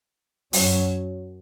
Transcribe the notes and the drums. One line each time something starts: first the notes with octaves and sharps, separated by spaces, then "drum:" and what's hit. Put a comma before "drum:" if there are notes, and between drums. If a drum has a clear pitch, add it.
F#2 F#3 C#4, drum: open hi-hat